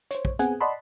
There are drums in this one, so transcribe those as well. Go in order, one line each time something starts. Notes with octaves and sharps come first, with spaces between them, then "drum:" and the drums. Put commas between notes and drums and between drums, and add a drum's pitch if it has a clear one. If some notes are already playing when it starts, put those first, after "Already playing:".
C5 C#5, drum: hi-hat
drum: kick
B3 C4 G#4 F#5 G#5, drum: hi-hat
D5 D#5 F#5 A5 B5 C6